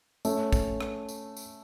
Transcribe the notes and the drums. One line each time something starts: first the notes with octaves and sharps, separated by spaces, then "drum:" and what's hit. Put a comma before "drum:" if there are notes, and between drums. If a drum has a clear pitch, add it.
A3 C#4, drum: tambourine
drum: kick, tambourine
drum: rim click
drum: tambourine
drum: tambourine